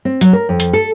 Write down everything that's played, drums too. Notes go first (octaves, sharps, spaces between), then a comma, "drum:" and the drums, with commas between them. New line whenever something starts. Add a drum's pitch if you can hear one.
C4
F#3, drum: hi-hat
A#4
F2
drum: hi-hat
A4